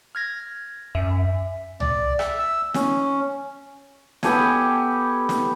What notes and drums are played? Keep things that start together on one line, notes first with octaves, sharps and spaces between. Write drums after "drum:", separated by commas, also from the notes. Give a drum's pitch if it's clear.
F6 G#6 A#6
F#2 E5
D5, drum: tom C2
E5, drum: rim click
E6
C#4, drum: snare
B3 G4 A4 G#5, drum: snare
drum: snare